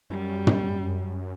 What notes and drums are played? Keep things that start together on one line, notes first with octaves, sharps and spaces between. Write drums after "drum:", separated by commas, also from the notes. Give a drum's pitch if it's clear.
F#2 G3
drum: tom